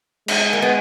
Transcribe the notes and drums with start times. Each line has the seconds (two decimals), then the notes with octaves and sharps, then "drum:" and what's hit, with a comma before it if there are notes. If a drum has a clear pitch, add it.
0.28 G#3, drum: cymbal
0.53 A#3
0.62 B3